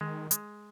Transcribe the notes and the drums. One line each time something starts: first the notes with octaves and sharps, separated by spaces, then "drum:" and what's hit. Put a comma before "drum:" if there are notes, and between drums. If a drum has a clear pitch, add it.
D#3 G#3
G#3, drum: hi-hat